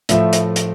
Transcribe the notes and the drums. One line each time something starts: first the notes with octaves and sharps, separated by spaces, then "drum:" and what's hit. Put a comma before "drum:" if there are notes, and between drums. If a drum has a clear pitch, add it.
A2 F3 A3 E5, drum: hi-hat
drum: hi-hat
drum: hi-hat